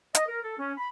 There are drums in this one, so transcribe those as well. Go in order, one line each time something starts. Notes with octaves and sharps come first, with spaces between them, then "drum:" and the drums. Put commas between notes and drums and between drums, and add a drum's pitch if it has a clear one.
D#5, drum: hi-hat
A#4
A4
C#4
B5